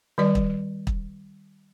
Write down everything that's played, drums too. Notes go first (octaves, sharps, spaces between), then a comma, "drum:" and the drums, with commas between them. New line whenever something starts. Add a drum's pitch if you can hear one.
D#3 G3 D5
drum: kick
drum: kick